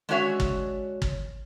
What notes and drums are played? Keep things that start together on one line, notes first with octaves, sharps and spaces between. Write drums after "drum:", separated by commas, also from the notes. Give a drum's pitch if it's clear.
G#3 C#4 D4 F#4 C#5 E5
drum: kick
drum: kick